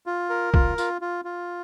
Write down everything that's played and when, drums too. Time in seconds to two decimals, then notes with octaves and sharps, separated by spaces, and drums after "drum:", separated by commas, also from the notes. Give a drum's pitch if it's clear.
0.06 F4
0.30 A#4
0.54 F4, drum: kick
0.78 F4, drum: tambourine
1.01 F4
1.25 F4